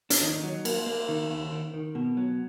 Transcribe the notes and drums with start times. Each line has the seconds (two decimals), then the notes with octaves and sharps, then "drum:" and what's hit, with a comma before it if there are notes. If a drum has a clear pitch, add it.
0.10 D4, drum: hi-hat
0.21 D#2 D#4
0.44 F#3
0.65 A#3, drum: cymbal
0.86 A#3
1.08 D#3
1.30 D#2
1.52 D#3
1.74 D#3
1.95 B2
2.17 F#3